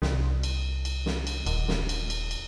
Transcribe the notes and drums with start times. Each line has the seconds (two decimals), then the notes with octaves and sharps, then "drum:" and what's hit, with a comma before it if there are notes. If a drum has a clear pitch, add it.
0.02 C2, drum: snare
0.43 drum: cymbal
0.85 drum: cymbal
1.06 drum: snare
1.27 drum: cymbal
1.46 D#1, drum: cymbal
1.68 drum: snare
1.89 drum: cymbal
2.10 drum: cymbal
2.31 drum: cymbal